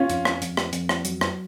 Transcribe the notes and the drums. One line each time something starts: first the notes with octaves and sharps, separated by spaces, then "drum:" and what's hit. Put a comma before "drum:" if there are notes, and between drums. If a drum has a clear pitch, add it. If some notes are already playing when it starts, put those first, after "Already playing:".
Already playing: C#4 F4
F2, drum: hi-hat
drum: rim click
F2, drum: hi-hat
drum: rim click
F2, drum: hi-hat
drum: rim click
F#3, drum: hi-hat
drum: rim click